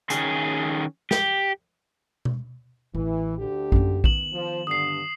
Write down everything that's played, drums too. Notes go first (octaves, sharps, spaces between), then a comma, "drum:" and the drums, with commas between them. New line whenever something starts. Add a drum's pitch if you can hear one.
D#3 C#4 G#4, drum: hi-hat
G4, drum: snare
drum: tom B2
A1 E3
D2 D3 G4
F#2 A#3, drum: kick A1
D#3 B3 E7 F#7, drum: kick A1
F3
G2 D3 D#6 C7